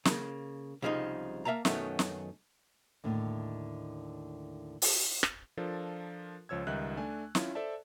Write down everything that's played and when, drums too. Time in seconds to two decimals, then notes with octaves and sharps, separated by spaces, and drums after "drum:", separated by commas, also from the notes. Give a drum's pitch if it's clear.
0.05 C#3 A#3, drum: snare
0.82 C2 C#3 F3 G#3 D4 D#4
1.45 A#3 E5 F5 A5 A#5
1.65 F#2 B2 D#3 F#3 A3 C#4, drum: snare
1.99 drum: snare
3.04 D#2 A2 D3
4.82 drum: open hi-hat
5.23 drum: rim click
5.57 F3 D4 F4 A4 A#4
6.49 C#2 F3 C#5 E6 G#6
6.67 C#2 D#3 G3 D#4 E5 F#6
6.97 A3 D4 G#5
7.35 C#4 E4 F4, drum: snare
7.55 A4 C5 D5 E5 A5